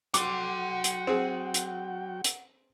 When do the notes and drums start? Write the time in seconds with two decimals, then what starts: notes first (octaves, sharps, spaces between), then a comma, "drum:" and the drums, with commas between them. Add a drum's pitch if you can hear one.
0.14 F#3 F#4 F#5 G5 C6 D6, drum: hi-hat
0.84 drum: hi-hat
1.07 C4 G#4
1.54 drum: hi-hat
2.24 drum: hi-hat